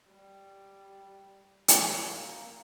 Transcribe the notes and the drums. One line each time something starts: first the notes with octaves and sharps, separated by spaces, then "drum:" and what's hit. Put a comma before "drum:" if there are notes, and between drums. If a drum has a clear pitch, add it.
G3
drum: hi-hat
A#3